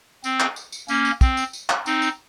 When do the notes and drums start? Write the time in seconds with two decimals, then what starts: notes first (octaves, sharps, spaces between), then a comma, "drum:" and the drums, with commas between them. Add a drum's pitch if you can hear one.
0.24 C4, drum: tambourine
0.40 drum: clap
0.56 drum: tambourine
0.72 drum: tambourine
0.88 A#3 C#4, drum: tambourine
1.05 drum: tambourine
1.21 C4, drum: kick, tambourine
1.37 drum: tambourine
1.53 drum: tambourine
1.69 drum: clap
1.86 C4 D#4, drum: tambourine
2.02 drum: tambourine